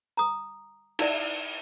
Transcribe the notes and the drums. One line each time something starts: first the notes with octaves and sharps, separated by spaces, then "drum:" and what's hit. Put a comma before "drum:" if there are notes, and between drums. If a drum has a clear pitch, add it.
A#5 D#6
D#4 E4 D5 E5, drum: cymbal